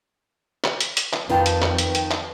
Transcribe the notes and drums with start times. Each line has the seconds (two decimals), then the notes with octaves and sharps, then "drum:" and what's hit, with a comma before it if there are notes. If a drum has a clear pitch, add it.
0.64 drum: clap
0.81 drum: hi-hat
0.97 drum: hi-hat
1.13 drum: clap
1.29 F2 D#3 F4 B4 G5 A5
1.46 drum: hi-hat
1.62 drum: clap
1.78 drum: hi-hat
1.95 drum: hi-hat
2.11 drum: clap